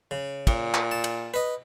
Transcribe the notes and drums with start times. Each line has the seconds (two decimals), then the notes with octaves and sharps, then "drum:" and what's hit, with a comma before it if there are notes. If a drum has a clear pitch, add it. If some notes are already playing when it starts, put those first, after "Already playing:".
0.11 C#3
0.47 A#2, drum: kick, cymbal
0.74 drum: clap
0.91 A5
1.04 drum: cymbal
1.34 B4 D#5